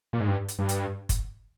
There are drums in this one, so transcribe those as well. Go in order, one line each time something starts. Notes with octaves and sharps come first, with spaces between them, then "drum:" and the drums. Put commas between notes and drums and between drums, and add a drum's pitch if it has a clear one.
A#2
G#2
G2
drum: hi-hat
G2
drum: hi-hat
drum: kick F#1, hi-hat